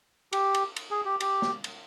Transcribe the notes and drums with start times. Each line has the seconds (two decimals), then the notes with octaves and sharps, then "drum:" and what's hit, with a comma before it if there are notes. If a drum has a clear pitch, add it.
0.33 G4, drum: cymbal
0.54 drum: cymbal
0.76 drum: cymbal
0.91 G#4
1.05 G4
1.20 G4, drum: cymbal
1.42 drum: snare
1.64 drum: cymbal